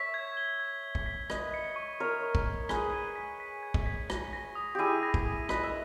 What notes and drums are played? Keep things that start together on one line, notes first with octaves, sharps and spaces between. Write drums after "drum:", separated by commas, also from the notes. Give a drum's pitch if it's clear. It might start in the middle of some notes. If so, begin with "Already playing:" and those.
Already playing: C#5 E5 B6
G#6
G7
G#6
G#6
drum: kick
B6
B4 D#5 G#6, drum: rim click
C#7
C#6
A#4 C#5 C#7
C#6
drum: kick
C#6
G#4 B4 G#6, drum: rim click
D#7
B6
B6
G#6
drum: kick
B6
A#6, drum: rim click
A#6
D#6
E4 G4 G#4 D#7
A#6
drum: kick
D#6
B4 D#5 B6, drum: rim click
E5